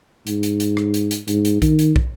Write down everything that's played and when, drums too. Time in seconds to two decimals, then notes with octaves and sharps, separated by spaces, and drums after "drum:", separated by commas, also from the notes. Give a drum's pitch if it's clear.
0.27 G#2, drum: hi-hat
0.43 drum: hi-hat
0.60 drum: hi-hat
0.77 drum: rim click
0.94 drum: hi-hat
1.11 drum: hi-hat
1.28 G#2, drum: hi-hat
1.45 drum: hi-hat
1.62 D#3, drum: kick, hi-hat
1.79 drum: hi-hat
1.96 drum: kick